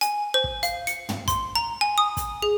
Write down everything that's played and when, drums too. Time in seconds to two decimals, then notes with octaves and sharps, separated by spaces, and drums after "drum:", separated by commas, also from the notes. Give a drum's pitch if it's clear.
0.01 G#5, drum: hi-hat
0.34 C5
0.44 drum: kick
0.63 F5, drum: hi-hat
0.87 C#7, drum: hi-hat
1.09 drum: tom
1.28 C6, drum: kick, hi-hat
1.55 A#5
1.81 G#5
1.98 D#6
2.17 drum: kick, hi-hat
2.42 G#4